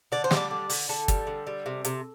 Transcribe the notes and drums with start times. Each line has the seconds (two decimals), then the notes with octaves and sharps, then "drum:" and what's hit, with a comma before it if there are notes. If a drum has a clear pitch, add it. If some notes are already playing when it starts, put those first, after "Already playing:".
0.12 D3 D5
0.24 C5
0.31 G3, drum: snare
0.37 D5
0.51 D3
0.69 D3, drum: open hi-hat
0.89 D3 A4
1.08 G3, drum: kick, hi-hat
1.27 D3
1.47 G3
1.66 C3
1.85 C3, drum: hi-hat